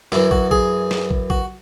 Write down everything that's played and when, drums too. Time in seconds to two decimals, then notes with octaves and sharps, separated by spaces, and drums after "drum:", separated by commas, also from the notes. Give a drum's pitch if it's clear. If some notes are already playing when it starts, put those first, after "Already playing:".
0.12 F#2 E3 E4, drum: snare
0.31 F#4, drum: kick
0.51 G#4, drum: kick
0.91 drum: snare
1.11 drum: kick
1.30 F#4, drum: kick